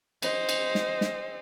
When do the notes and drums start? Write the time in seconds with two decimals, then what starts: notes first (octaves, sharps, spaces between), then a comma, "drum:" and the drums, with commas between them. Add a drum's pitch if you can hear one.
0.22 C5 D#5, drum: cymbal
0.49 drum: cymbal
0.75 drum: snare
1.01 drum: snare